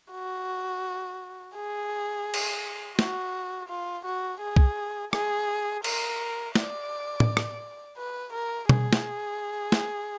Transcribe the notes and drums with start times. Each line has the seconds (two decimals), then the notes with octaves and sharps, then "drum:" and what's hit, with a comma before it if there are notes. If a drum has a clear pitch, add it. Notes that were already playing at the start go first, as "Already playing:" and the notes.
0.12 F#4
1.55 G#4
2.34 drum: cymbal
2.99 F#4, drum: snare
3.69 F4
4.06 F#4
4.41 G#4
4.56 drum: kick B1
5.13 G#4, drum: rim click
5.84 A#4, drum: cymbal
6.55 D5, drum: snare
7.20 drum: tom
7.37 drum: rim click
7.98 B4
8.33 A#4
8.69 G#4, drum: tom B2
8.93 drum: snare
9.72 drum: snare